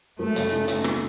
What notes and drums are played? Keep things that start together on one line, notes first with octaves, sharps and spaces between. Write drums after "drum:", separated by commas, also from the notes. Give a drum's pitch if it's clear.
F#2 A3
C#3, drum: hi-hat
D#4
D#4, drum: hi-hat
drum: rim click